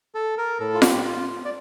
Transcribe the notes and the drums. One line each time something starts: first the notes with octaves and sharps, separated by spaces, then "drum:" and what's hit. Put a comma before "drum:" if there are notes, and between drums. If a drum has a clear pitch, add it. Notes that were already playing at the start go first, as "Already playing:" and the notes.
A4
A#4
A2 A4
F4
G4, drum: snare F4
F4
D5